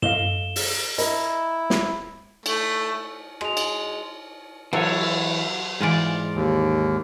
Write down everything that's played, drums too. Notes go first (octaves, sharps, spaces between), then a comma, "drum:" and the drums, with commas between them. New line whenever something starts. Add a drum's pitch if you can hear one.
A4 D#5 F5 E7 G7, drum: tom
drum: open hi-hat
E4 A#4 D#5, drum: hi-hat
drum: snare
A3, drum: cymbal
G#3 F#4 F7, drum: rim click
drum: cymbal
E3 F#3 A4 C5 C#5, drum: cymbal
G#2 E3 G#3 F4 D5
D#2